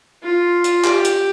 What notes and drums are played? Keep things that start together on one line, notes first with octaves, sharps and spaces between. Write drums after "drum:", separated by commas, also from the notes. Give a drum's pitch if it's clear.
F4
drum: hi-hat
G4, drum: clap
drum: hi-hat